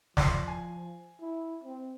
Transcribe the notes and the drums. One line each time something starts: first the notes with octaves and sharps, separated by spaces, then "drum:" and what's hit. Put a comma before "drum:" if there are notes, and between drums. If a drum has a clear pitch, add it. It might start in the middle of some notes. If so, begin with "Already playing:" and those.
F3 D5 C6 C7, drum: snare
G#5
E4
C4